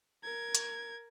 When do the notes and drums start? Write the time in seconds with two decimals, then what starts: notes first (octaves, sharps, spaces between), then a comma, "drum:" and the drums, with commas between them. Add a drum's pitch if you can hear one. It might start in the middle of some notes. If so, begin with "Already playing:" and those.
0.23 A#4 G#6
0.55 drum: hi-hat